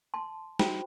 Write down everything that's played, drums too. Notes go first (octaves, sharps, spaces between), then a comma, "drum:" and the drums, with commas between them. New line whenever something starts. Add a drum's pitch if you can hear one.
A5 C6
F#4 C5 G5 B5, drum: snare